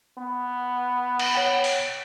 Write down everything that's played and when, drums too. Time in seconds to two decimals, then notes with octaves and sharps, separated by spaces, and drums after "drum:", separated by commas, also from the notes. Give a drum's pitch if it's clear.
0.18 B3
1.19 drum: cymbal
1.34 C#5 F#5 G5
1.64 drum: open hi-hat